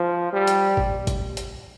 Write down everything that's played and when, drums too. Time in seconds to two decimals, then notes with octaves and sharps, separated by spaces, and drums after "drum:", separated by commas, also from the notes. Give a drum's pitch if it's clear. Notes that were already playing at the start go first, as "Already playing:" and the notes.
Already playing: F3
0.33 G3
0.47 drum: hi-hat
0.77 drum: kick G#1
1.07 drum: kick G#1, hi-hat
1.37 drum: hi-hat